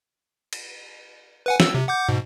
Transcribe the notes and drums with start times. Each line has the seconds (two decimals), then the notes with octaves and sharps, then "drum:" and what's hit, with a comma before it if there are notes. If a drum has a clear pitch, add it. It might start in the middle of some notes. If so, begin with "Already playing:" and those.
0.53 drum: cymbal
1.46 B4 F#5 G#5
1.60 E6, drum: snare
1.74 C3
1.88 F#5 D6 G6
2.09 G#2 B2